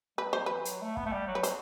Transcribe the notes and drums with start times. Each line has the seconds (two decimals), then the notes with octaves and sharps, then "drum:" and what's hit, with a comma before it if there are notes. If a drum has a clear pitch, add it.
0.18 G3 B4
0.33 F#3 C5
0.46 E3 B4
0.65 F#3, drum: hi-hat
0.82 A3
0.97 B3, drum: kick
1.06 A3
1.13 G3
1.28 F#3
1.35 B4
1.43 C5, drum: hi-hat